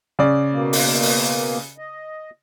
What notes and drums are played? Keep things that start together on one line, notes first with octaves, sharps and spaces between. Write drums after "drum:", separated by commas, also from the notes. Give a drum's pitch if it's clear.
C#3 D5
B2 A#3
drum: open hi-hat
drum: open hi-hat
D#5